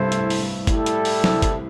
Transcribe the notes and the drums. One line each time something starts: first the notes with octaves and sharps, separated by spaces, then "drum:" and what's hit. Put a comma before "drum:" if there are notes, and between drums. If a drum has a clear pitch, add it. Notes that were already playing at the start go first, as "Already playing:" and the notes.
Already playing: C2 G2 C3 E4 A4 C5
A2, drum: hi-hat
drum: open hi-hat
G2
A2 G3 E4 A4, drum: kick G1, hi-hat
drum: hi-hat
drum: open hi-hat
C2 C3, drum: snare
drum: kick G1, hi-hat